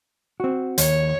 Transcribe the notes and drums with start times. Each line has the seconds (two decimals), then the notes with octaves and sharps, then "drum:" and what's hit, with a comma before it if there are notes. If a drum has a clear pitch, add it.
0.40 C4 F#4
0.78 D#2 C#5, drum: hi-hat